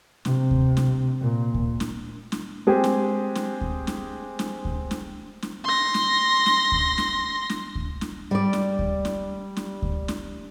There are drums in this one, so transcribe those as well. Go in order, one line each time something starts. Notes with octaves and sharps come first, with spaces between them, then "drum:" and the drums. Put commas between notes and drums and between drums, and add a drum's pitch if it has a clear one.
C3, drum: snare
drum: kick D2
drum: snare
A#2
drum: kick D2
drum: snare
drum: snare
G#3 C4 G4 G#4
drum: snare
drum: snare
drum: kick D2
drum: snare
drum: snare
drum: kick D2
drum: snare
drum: snare
C6 A#6
drum: snare
drum: snare
drum: kick D2
drum: snare
drum: snare
drum: kick D2
drum: snare
G3 D5
drum: snare
drum: kick D2
drum: snare
drum: snare
drum: kick D2
drum: snare